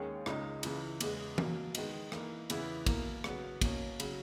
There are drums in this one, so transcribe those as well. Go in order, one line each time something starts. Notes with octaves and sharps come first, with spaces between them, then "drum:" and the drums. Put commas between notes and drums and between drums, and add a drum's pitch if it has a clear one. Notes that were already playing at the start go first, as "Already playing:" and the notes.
Already playing: D#2 D#3 G#3 C#4 G#4
C#2 C#3 G#3 D#4, drum: rim click
C#2 C#3 E3, drum: cymbal
E2 C#3 G#3 B3, drum: cymbal
B2 F#3 A#3, drum: tom E3
D#3 G#3 B3 D#4, drum: cymbal
E3 A#3 D#4 A#4, drum: rim click
E2 C#3 E3 B3 E4, drum: cymbal
B2 A#3 E4 A#4, drum: kick, cymbal
C#3 F#3 B3, drum: rim click
B2 A#3 C#4, drum: kick, cymbal
C#3 F#3, drum: cymbal